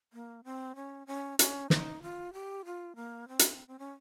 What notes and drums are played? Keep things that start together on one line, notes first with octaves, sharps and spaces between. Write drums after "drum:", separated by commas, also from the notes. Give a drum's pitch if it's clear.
A#3
C4
C#4
C#4
C#4, drum: hi-hat
D#4, drum: snare
F4
G4
F4
A#3
C4
drum: hi-hat
C4
C#4